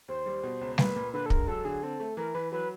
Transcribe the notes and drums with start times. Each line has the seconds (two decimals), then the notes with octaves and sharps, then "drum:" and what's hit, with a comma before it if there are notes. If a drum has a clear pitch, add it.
0.08 D#2 C5
0.26 G3
0.43 B2
0.61 C#2
0.78 A#2 B4, drum: snare G3
0.96 A#2
1.13 D3 B4
1.26 A4
1.30 G#3 A#4, drum: kick
1.47 F#3 A4
1.65 D3 G#4
1.83 C4 A4
2.00 A3
2.17 E3 A#4
2.35 E3 B4
2.52 F#3 B4